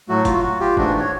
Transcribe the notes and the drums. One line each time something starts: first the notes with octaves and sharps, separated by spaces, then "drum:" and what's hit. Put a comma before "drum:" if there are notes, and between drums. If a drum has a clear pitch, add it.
A2 F#3 A3 F#4
F4, drum: kick F#1, hi-hat
F#4
F4 G4
G#2 E3 A3 D4 F#4, drum: kick F#1
C#5